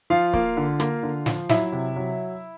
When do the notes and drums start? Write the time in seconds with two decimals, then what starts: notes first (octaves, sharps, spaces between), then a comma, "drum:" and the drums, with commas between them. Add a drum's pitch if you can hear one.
0.10 F3 F4 F5
0.34 A#3, drum: kick
0.57 D3
0.80 A#3, drum: rim click
1.03 D3
1.26 F3, drum: snare
1.49 F#3 E4 E5, drum: snare
1.72 C3
1.96 F#3